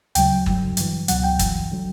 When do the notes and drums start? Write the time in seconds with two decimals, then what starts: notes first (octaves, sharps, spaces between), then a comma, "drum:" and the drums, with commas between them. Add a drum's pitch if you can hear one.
0.15 D2 C#3 F#3 G5, drum: hi-hat
0.46 G2 D3 F#3, drum: kick
0.77 G2 E3, drum: hi-hat
1.08 C#2 B2 F#3 F#5, drum: hi-hat
1.24 G5
1.39 G2 E3, drum: kick, hi-hat
1.71 D3 F#3